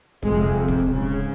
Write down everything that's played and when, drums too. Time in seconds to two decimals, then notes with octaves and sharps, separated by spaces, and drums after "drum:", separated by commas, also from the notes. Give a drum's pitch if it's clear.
0.23 F2 C3 G#3, drum: kick
0.68 drum: kick
0.92 G#2 C#3